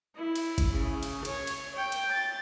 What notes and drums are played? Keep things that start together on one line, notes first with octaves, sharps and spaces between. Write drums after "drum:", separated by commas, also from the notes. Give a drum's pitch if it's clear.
E4
drum: cymbal
drum: kick G1, cymbal
C#3
drum: cymbal
C#5, drum: cymbal
drum: cymbal
G5
drum: cymbal
A6